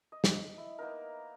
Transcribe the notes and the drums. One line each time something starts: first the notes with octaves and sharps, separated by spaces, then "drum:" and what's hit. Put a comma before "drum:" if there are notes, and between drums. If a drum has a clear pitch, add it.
D#5
drum: snare
E4
A#3 B3 D#4 A#4